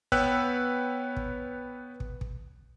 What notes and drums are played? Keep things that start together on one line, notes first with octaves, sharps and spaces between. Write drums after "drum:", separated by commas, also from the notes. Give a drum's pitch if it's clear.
B3 B4 C#5 G5 E6 F#6, drum: kick
drum: kick
drum: kick
drum: kick